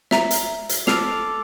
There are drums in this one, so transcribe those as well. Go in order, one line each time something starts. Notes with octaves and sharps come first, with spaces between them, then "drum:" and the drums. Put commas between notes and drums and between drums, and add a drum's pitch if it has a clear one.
E5 A#5, drum: snare
drum: hi-hat
drum: hi-hat
A4 D6 F6 C7 F7, drum: snare